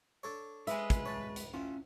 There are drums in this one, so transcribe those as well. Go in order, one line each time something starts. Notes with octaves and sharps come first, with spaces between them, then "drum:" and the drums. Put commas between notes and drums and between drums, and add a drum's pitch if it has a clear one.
D4 A4 C#5
G#3 G#4 B4 E5 G#5, drum: hi-hat
drum: kick, hi-hat
C#5 A5
drum: hi-hat
C#4 E4 F4